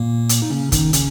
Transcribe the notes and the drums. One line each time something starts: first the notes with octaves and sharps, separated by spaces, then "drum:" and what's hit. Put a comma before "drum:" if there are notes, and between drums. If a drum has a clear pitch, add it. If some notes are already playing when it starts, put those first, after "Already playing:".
Already playing: A#2 A#3
drum: hi-hat
D#4
C#3 C#4
D#3 D#4, drum: kick, hi-hat
C#3 C#4, drum: hi-hat